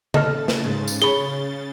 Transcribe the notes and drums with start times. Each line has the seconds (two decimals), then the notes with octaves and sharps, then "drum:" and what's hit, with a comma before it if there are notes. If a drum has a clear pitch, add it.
0.14 C#3 A4 D#5 A5 F6 A6, drum: tom C#3
0.48 drum: snare
0.64 G#2
0.88 drum: tambourine
1.02 G#4 C#5 B5 G7